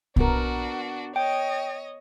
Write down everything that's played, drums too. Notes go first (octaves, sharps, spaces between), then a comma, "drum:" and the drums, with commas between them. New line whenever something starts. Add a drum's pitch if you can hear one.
B3 D4 F#4 A#4, drum: kick B1
C#5 D#5 G5